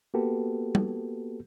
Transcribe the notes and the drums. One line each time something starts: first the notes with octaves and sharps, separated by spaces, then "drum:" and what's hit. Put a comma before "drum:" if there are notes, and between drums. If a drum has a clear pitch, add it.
A#3 B3 F#4 G4 A4 B4
drum: tom